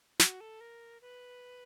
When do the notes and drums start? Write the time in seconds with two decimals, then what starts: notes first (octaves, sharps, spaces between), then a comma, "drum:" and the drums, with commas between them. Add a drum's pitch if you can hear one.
0.19 F#4, drum: snare
0.41 A4
0.61 A#4
1.02 B4